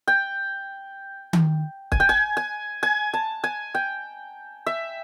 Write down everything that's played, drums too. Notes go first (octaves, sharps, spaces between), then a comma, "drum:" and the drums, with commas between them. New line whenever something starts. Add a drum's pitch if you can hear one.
G5
drum: tom D#3
G#5, drum: kick
G5
G#5
G#5
G#5
A5
G#5
G5
E5